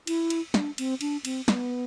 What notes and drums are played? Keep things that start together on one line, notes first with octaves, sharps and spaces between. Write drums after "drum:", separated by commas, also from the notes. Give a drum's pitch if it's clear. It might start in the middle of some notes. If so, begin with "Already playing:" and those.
E4, drum: cymbal
drum: cymbal
D4, drum: snare
C4, drum: cymbal
D4, drum: cymbal
C4, drum: cymbal
B3, drum: snare